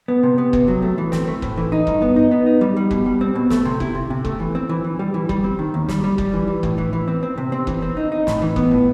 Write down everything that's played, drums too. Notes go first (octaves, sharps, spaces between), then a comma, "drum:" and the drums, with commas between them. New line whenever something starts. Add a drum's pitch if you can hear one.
B3
C3
B3
C3, drum: kick
F#3
A3
E3
C4, drum: snare
A3
A2, drum: kick
E3
D#4
G2, drum: kick
B3
D#4
B3
D#4
G3
G3
B2, drum: kick
G3
C4
B2
A3, drum: snare
C3
E4, drum: kick
C3
C3
A3, drum: kick
E3
C4
E3
E3
G3
E3
G3, drum: kick
C4
D#3
D#2
G3, drum: snare
G3
G3, drum: kick
E3
E3
A2, drum: kick
E3
E3
C4
C4
C3
C4
E3, drum: kick
C4
D#4
D#4
A2, drum: snare
E3
B3, drum: kick
A2